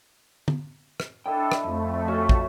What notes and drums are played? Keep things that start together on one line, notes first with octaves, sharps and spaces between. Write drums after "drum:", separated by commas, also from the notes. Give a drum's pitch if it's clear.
drum: tom D3
drum: rim click
D4 E4 A4 D#5 E5 G5
drum: rim click
F2 F3 A3
C#4 F#4 A4
drum: kick